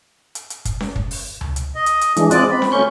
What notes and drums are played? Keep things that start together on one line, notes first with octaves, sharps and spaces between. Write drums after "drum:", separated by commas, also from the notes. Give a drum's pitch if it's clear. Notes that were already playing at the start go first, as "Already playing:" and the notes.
drum: hi-hat
drum: hi-hat
drum: kick, hi-hat
drum: snare C#4
drum: kick
drum: open hi-hat
drum: tom C#2
drum: hi-hat
D#5
drum: hi-hat
drum: hi-hat
E3 G#3 D4, drum: hi-hat
G#3 C4 F4 D5 D#5 F#6, drum: hi-hat
C4 B5
drum: snare C#4
D2 A3 C#4 C#6 G6